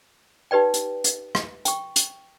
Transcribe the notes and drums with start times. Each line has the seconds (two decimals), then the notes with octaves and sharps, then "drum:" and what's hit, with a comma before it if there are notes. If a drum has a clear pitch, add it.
0.51 D#4 G4 B4 D5 G5
0.74 drum: hi-hat
1.04 drum: hi-hat
1.35 drum: rim click
1.65 G5 C#6, drum: hi-hat
1.96 drum: hi-hat